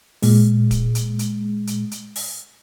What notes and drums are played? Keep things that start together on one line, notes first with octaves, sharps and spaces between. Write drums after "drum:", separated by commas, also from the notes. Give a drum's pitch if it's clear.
A#2 G#3, drum: open hi-hat
drum: kick D1, hi-hat
drum: hi-hat
drum: hi-hat
drum: hi-hat
drum: hi-hat
drum: open hi-hat